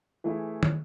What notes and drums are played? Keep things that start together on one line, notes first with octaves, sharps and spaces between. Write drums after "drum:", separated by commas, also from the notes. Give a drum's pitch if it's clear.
E3 A3 E4 G#4
drum: tom